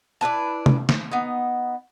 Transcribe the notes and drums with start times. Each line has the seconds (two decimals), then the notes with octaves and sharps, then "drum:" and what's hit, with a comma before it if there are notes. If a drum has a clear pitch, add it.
0.21 D4 E4 B4 A5
0.66 drum: tom C3
0.89 drum: snare
1.12 B3 D#4